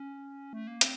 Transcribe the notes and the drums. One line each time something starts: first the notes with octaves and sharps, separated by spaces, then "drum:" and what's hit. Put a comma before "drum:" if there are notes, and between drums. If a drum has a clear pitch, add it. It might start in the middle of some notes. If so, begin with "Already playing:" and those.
Already playing: C#4
A3
A#3
C4, drum: hi-hat